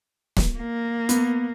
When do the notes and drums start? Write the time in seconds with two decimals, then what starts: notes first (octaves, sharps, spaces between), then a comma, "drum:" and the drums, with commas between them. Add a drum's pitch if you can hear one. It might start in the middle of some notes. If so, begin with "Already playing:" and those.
0.37 drum: snare
0.59 A#3
1.09 B3, drum: hi-hat